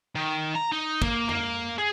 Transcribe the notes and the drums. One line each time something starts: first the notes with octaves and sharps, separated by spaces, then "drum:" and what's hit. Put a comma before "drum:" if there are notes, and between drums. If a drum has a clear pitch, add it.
D#3
A#5
D#4
A#3, drum: kick
A#3, drum: tom F2
G#4